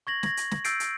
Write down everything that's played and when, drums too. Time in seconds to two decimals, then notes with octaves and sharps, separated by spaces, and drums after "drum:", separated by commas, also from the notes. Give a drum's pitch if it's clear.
0.07 C#6 G#6 A#6 F#7
0.23 G#6 A#6, drum: snare
0.37 drum: hi-hat
0.51 drum: snare
0.65 E6 G6 A6 C7 D7, drum: hi-hat
0.80 drum: hi-hat